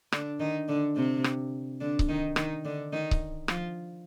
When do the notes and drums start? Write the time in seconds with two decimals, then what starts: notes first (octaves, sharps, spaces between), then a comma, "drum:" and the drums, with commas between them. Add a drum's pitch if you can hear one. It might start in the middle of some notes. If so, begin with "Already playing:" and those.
0.12 D3 D4, drum: rim click
0.40 D#3 D#4
0.68 D3 D4
0.96 C3 C4
1.24 drum: rim click
1.80 D3 D4
1.99 drum: kick C#1
2.08 D#3 D#4
2.36 D#3 D#4, drum: rim click
2.65 D3 D4
2.93 D#3 D#4
3.11 drum: kick C#1
3.48 F3 F4, drum: rim click